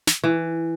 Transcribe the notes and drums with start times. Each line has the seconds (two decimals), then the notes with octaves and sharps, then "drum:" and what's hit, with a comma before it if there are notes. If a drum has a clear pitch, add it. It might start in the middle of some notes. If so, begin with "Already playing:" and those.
0.07 drum: snare
0.24 E3